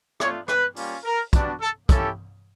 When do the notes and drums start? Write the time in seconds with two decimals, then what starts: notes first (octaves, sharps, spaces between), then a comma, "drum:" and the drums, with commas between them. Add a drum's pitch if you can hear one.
0.20 A3 D4 F4 C#5, drum: rim click
0.48 B4, drum: rim click
0.76 G3 A#3 C#4 F4, drum: open hi-hat
1.05 A#4
1.33 G3 B3 D4 F#4, drum: kick, hi-hat
1.61 A4
1.89 A#3 C#4 E4 G4 A4, drum: kick, hi-hat